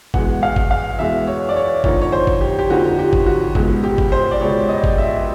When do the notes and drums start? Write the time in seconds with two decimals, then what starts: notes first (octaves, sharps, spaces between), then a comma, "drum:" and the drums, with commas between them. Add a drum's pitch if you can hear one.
0.14 E2 B2 G#3 F#5, drum: kick G1
0.43 F5
0.56 drum: kick G1
0.71 F5
0.99 E2 B2 G#3 E5
1.27 C#5
1.49 D5
1.56 C#5
1.84 F2 D3 F3 A#3 D#4 C#5, drum: kick G1
2.02 C#5
2.12 C5
2.27 drum: kick G1
2.41 G4
2.59 G4
2.70 F2 D3 F3 A#3 D#4 F#4
2.99 G4
3.13 drum: kick G1
3.26 F#4
3.55 C#2 B2 G#3 B3, drum: kick G1
3.84 G4
3.98 drum: kick G1
4.12 C5
4.31 D5
4.41 C#2 B2 G#3 B3 C#5
4.69 D#5
4.84 drum: kick G1
4.98 E5